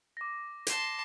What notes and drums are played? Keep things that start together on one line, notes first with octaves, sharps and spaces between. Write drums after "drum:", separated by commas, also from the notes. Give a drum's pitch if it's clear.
D6 A#6
A5 C6, drum: hi-hat